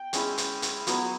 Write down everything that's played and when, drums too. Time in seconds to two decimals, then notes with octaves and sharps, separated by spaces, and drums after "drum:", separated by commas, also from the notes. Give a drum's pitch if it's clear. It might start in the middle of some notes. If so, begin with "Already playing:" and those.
Already playing: G5
0.13 G#3 C#4 E4, drum: hi-hat
0.38 drum: hi-hat
0.62 drum: hi-hat
0.87 F#3 B3 E4, drum: hi-hat